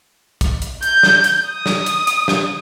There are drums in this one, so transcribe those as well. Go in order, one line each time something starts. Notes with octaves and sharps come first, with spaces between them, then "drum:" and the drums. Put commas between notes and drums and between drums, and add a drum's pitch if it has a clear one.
drum: kick, hi-hat
drum: hi-hat
G6, drum: hi-hat
drum: snare
drum: hi-hat
D#6
drum: snare
drum: hi-hat
drum: hi-hat
drum: snare